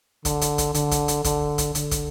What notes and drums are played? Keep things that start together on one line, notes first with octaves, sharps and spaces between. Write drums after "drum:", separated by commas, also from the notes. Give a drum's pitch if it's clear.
D3, drum: kick, hi-hat
drum: hi-hat
drum: kick, hi-hat
D3, drum: hi-hat
drum: kick, hi-hat
drum: hi-hat
D3, drum: kick, hi-hat
drum: kick, hi-hat
D3, drum: hi-hat
drum: kick, hi-hat